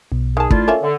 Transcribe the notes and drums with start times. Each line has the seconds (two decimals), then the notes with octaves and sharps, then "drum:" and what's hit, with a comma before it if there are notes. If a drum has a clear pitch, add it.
0.12 B1 B2
0.37 D#3 G#4 A5
0.51 A3 D4 E4 F4, drum: kick
0.68 A#3 C#4 A4 E5
0.82 D3